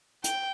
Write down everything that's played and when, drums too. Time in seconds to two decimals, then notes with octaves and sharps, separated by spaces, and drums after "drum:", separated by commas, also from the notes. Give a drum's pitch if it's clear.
0.24 G5, drum: hi-hat